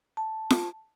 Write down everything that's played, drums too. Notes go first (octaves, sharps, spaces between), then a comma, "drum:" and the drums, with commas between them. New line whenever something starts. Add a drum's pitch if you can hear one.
A5
drum: snare F4